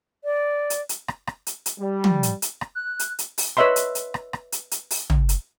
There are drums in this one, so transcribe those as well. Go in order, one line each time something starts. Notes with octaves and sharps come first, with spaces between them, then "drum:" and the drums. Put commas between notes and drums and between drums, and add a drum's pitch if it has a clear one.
D5
drum: hi-hat
drum: hi-hat
drum: rim click
drum: rim click
drum: hi-hat
drum: hi-hat
G3
drum: tom
drum: hi-hat
drum: hi-hat
drum: rim click
F#6
drum: hi-hat
drum: hi-hat
drum: open hi-hat
B4 C#5 D#5 E5 B5 C6
drum: hi-hat
drum: hi-hat
drum: rim click
drum: rim click
drum: hi-hat
drum: hi-hat
drum: open hi-hat
drum: tom
drum: hi-hat